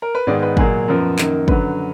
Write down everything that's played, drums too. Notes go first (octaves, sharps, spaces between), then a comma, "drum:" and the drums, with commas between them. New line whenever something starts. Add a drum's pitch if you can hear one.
A#4
B4
G#2 D#3 G#3 B3 D5
B4
A#2 F#3 A#3 G#4, drum: kick
F#2 F3 B3 A#4
F#2 D#3 A#3, drum: clap
F#2 D3 F#3 B4, drum: kick